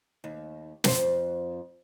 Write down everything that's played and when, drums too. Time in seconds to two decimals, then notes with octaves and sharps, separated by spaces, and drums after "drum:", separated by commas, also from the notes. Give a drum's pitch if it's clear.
0.24 D#2
0.84 F2 C5, drum: snare